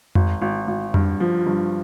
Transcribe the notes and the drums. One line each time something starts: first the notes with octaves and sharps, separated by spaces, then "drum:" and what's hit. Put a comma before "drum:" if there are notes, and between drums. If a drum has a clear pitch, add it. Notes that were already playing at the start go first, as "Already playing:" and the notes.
G#1, drum: tom F2
G#1
G#1
G2, drum: tom F2
F3
G2